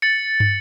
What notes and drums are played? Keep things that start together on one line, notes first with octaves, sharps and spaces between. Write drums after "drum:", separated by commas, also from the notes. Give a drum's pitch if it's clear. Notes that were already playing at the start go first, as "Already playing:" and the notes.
A6 C#7 F#7
drum: tom